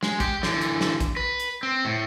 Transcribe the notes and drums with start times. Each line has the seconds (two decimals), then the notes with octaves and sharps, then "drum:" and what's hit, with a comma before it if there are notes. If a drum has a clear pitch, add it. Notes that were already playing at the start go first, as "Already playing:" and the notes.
0.03 G#3, drum: snare
0.20 G4, drum: kick, hi-hat
0.43 D3 E3, drum: snare
0.61 drum: hi-hat
0.81 drum: snare
1.00 drum: kick, hi-hat
1.17 B4
1.40 drum: hi-hat
1.63 C4
1.85 A2